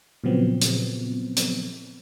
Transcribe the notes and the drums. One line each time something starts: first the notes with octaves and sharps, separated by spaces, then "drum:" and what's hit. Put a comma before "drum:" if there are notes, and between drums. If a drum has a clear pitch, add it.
A#2 C#3 F3 F#3 B3 C4
drum: hi-hat
drum: hi-hat